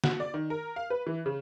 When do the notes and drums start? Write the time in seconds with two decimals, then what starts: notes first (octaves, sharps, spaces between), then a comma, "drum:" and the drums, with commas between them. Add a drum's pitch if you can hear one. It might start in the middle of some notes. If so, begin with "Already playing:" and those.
0.04 F#4, drum: snare
0.20 D5
0.34 D#3
0.50 A#4
0.76 F5
0.90 B4
1.07 E3
1.26 C#3